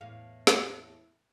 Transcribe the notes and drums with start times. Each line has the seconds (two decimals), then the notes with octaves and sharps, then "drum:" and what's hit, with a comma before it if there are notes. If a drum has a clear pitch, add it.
0.01 E2 A2 F5
0.47 drum: snare